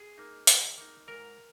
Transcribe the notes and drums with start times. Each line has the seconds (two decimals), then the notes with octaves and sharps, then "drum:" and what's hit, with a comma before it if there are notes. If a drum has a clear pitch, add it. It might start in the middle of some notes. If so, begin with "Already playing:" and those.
Already playing: G#4
0.18 A#3 D#4
0.47 D#3, drum: hi-hat
0.77 A#3 D#4
1.08 G#2 A#4